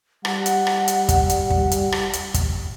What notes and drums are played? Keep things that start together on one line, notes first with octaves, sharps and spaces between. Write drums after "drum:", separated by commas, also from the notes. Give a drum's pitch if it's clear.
G3 F#5, drum: rim click
drum: hi-hat
drum: rim click
drum: hi-hat
drum: kick, hi-hat
drum: hi-hat
drum: kick
drum: hi-hat
drum: rim click
drum: hi-hat
drum: kick, hi-hat